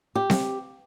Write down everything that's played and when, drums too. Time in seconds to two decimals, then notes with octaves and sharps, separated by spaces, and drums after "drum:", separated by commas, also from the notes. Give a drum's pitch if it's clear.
0.15 G4
0.30 drum: snare C4